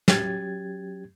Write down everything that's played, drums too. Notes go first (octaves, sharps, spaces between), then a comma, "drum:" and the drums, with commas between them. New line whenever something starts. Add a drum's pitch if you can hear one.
F#3 C#4 G4 G#6 A6, drum: snare